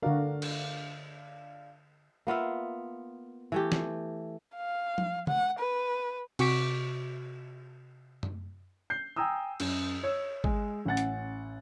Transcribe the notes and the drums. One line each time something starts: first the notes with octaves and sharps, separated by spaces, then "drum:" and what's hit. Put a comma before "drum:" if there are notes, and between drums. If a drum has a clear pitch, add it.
D3 D4 F#4 A#4 F5
drum: cymbal
A#3 B3 F4 E5
E3 A3 G4
drum: snare
F5
drum: tom F3
F#5, drum: tom C#3
B4
C3 F#4 C#6 D6 B6 D7, drum: cymbal
drum: tom F#2
G6 C7
G5 G#5 A#5 D#6 E6
F#2, drum: cymbal
C#5 E6
G#3, drum: kick
A1 C#4 F#5 A6
drum: hi-hat